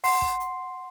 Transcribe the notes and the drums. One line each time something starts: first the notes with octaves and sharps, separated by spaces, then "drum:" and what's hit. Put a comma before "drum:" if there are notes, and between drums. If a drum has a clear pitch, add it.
F#5 C6 C7, drum: open hi-hat
drum: kick
drum: hi-hat